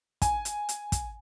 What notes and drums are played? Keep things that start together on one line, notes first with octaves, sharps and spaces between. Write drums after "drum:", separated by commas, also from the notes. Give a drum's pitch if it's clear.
G#5, drum: kick, hi-hat
drum: hi-hat
drum: hi-hat
drum: kick, hi-hat